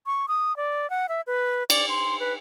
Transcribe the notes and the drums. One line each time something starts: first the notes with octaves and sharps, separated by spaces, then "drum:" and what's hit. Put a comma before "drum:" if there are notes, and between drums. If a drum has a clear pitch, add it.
C#6
D#6
D5
F#5
E5
B4
D5, drum: cymbal
C6
B4